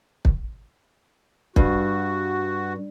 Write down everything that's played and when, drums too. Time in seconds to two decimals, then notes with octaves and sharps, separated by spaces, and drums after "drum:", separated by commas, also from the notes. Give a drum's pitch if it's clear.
0.25 drum: kick
1.56 G2 F#4, drum: kick